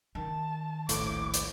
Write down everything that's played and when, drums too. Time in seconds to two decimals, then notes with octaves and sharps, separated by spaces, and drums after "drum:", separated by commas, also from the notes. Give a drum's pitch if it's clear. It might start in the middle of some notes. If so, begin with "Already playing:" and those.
0.15 D#3 A5
0.89 D#1 A#1 A2 D6, drum: hi-hat
1.34 drum: hi-hat